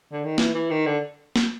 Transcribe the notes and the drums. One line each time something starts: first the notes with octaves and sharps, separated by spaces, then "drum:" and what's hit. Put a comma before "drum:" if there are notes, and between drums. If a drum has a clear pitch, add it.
D3
D#3
E3, drum: snare
E3
D#3
D3
drum: snare